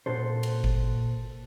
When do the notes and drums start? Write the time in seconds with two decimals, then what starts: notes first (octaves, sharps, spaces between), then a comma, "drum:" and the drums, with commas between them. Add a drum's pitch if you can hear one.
0.06 A#2 F#4 A4 C5
0.43 drum: cymbal
0.64 drum: kick G1